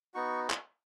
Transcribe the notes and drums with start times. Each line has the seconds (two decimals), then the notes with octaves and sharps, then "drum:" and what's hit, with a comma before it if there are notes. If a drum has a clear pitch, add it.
0.14 B3 D#4 F#4 C#6
0.50 drum: clap